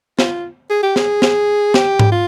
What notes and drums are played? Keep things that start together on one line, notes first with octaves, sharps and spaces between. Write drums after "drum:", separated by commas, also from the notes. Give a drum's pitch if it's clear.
F4, drum: snare
G#4
G4
G#4, drum: snare
drum: snare
G4, drum: snare
drum: tom G#2
F4